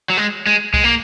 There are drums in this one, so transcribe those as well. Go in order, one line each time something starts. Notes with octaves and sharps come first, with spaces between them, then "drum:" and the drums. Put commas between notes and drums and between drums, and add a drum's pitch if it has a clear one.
F#3
G#3
G#3
G#3, drum: kick C2
A#3